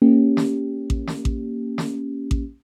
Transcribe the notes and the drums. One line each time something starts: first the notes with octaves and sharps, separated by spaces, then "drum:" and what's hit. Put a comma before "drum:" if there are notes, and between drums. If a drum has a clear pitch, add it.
A#3 C#4 G4
drum: snare
drum: kick A1
drum: snare
drum: kick A1
drum: snare
drum: kick A1